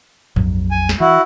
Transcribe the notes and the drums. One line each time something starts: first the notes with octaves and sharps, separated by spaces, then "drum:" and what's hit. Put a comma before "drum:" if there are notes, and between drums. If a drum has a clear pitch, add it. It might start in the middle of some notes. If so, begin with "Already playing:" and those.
A#1 F2 F#3, drum: tom G2
G#5
drum: snare
E3 E4 F#4